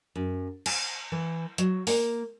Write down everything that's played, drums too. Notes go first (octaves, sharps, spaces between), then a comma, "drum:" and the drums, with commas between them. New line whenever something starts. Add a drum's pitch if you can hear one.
F#2
G#5, drum: cymbal
E3
F#3, drum: hi-hat
A#3, drum: open hi-hat